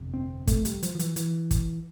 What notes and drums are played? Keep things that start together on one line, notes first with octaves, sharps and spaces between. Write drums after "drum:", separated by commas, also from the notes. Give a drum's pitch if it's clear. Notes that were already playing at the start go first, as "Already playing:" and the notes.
Already playing: G1 F2 C3
C4
A3, drum: kick, hi-hat
G3, drum: hi-hat
F3, drum: hi-hat
F3
E3, drum: hi-hat
E3, drum: hi-hat
drum: kick, hi-hat